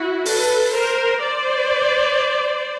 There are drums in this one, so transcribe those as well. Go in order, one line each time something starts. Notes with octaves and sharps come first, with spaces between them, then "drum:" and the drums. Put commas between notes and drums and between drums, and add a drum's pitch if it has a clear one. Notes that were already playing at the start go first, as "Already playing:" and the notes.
Already playing: E4 F#4
A4 B4, drum: open hi-hat
A#4 C5
C5 D5